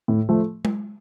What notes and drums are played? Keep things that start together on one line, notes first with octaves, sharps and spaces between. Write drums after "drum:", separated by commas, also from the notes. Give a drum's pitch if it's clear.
A2
F3 A3
drum: tom G#3